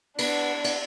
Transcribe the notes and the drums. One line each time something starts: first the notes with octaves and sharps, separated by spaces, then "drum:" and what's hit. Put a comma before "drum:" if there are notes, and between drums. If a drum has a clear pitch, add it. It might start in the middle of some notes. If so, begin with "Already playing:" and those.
B3 D4, drum: cymbal
B3, drum: cymbal